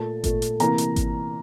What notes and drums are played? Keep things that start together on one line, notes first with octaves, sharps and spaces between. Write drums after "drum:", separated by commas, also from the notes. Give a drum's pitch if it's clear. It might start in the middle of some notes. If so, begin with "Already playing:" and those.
Already playing: A#2 A3 A5
A#2 A3, drum: kick G#1, hi-hat
drum: hi-hat
C3 E3 A#3 A#5, drum: hi-hat
drum: hi-hat
drum: kick G#1, hi-hat